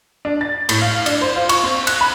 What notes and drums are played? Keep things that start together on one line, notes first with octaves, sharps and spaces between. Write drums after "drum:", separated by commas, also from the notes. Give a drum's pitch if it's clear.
D4
A6
A2, drum: cymbal
F5
D4, drum: cymbal
C5
F4
C#6, drum: cymbal
C4
F#6, drum: cymbal
B5